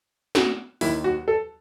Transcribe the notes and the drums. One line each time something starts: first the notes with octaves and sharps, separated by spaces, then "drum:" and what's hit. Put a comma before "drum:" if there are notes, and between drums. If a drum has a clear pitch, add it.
F#4, drum: snare
D#2 D#3 E4, drum: open hi-hat
F#4
A4